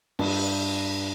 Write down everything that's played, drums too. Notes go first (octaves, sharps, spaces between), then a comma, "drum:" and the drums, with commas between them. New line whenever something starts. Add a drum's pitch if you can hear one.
G2, drum: cymbal